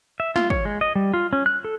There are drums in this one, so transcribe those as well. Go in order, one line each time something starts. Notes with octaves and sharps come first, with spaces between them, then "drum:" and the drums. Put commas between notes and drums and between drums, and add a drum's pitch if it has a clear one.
E5
F4, drum: snare
C#5, drum: kick
G#3
D#5
G3
F4
C#4
F#6
A4